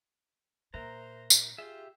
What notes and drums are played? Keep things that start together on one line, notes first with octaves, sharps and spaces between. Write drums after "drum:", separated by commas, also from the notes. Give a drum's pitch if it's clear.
A#2 A#4 C5 E5 A#5 F#6
drum: tambourine
F4 G4 G#4 E5